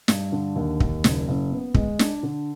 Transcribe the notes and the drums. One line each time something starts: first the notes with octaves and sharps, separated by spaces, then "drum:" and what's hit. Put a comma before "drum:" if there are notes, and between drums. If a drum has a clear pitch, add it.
G2, drum: snare
D3
D#2
D#2, drum: kick
F#1, drum: snare
F#1
B3
G#3, drum: kick
D4, drum: snare
D3